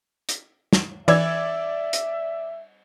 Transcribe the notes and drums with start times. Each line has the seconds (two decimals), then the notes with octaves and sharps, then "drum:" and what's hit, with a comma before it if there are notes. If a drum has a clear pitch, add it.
0.29 drum: hi-hat
0.73 drum: snare
1.08 E3 D5 E5 E6 G#6, drum: cymbal
1.93 drum: hi-hat